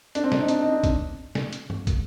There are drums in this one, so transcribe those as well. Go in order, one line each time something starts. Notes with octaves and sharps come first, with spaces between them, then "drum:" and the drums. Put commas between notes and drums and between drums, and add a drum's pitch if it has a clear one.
D4, drum: hi-hat
C4
D4, drum: snare
D#4
D4, drum: hi-hat
D#4
D4
drum: kick, hi-hat
drum: snare
drum: hi-hat
drum: tom G2
drum: kick, hi-hat